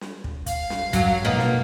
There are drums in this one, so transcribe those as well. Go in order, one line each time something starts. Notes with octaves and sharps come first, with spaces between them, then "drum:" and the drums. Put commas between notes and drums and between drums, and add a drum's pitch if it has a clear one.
drum: snare
drum: kick
F5, drum: kick, hi-hat
drum: snare
F#2 F#3, drum: kick, hi-hat
B2 A#3 B3 D#4
drum: snare